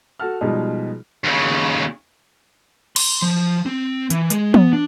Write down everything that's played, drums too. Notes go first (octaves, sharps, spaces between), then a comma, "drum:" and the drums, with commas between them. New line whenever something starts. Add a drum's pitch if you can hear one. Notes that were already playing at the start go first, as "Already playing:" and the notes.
F#4 A4 A5 F6
B2 F3 G3 G#3 D#4
D#2 C#3
C6, drum: cymbal
F3
C4
E3, drum: hi-hat
G#3, drum: hi-hat
B3, drum: tom
D4